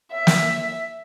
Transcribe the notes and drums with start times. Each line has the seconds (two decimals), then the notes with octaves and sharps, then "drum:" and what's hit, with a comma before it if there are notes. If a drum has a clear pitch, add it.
0.12 E5
0.27 drum: snare